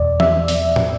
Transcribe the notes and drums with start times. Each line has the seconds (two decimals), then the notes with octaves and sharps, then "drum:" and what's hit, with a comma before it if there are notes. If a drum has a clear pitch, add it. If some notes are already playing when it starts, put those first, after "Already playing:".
Already playing: E2 B2 D5
0.20 E5, drum: tom E3
0.48 drum: open hi-hat
0.76 drum: tom